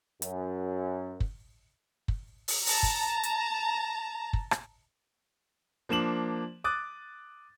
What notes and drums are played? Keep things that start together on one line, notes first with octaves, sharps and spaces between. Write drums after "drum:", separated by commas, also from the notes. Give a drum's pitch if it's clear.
F#2, drum: hi-hat
drum: kick
drum: kick
drum: open hi-hat
A5 A#5, drum: open hi-hat
drum: kick
drum: hi-hat
drum: kick
drum: rim click
F3 A#3 D4 E7 F#7
D6 D#6 F#6 A6